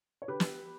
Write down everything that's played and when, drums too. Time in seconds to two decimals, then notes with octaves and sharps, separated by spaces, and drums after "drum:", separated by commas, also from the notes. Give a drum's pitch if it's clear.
0.22 C#5
0.28 D3 G4 B4
0.40 drum: snare